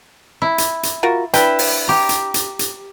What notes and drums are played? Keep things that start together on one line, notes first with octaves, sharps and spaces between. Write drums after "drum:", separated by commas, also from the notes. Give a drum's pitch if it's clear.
E4
drum: hi-hat
drum: hi-hat
F4 F#4 A#4
D4 E4 B4 G5, drum: hi-hat
drum: open hi-hat
G4 A#5
drum: hi-hat
drum: hi-hat
drum: hi-hat